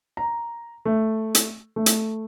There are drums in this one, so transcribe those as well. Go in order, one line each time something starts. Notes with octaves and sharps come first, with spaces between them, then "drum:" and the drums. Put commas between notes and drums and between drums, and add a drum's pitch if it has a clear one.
A#5
A3
drum: hi-hat
A3
drum: hi-hat